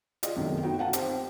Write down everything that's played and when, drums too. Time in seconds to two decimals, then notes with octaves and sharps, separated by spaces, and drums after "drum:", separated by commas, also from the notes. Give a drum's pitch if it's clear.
0.23 F4 G#4 D5 D#5, drum: hi-hat
0.36 C2 F#2 B2 D#3 A3
0.63 B3 D#4 F#4 G5
0.79 F5 F#5 A5
0.93 C4 G4 C5, drum: hi-hat